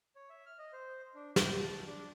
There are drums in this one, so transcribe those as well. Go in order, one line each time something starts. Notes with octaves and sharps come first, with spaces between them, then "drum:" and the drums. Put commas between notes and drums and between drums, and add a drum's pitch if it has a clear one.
C#5
E5
F6
D#5
C5
D4
G4, drum: snare
A5
D4